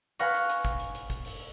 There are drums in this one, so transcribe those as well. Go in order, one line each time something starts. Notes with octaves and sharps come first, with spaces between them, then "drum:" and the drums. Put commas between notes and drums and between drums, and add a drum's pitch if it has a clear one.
B4 F5 F#5 G#5 C#6 A#6, drum: hi-hat
drum: hi-hat
drum: hi-hat
drum: kick, hi-hat
drum: hi-hat
drum: hi-hat
drum: kick, hi-hat
drum: open hi-hat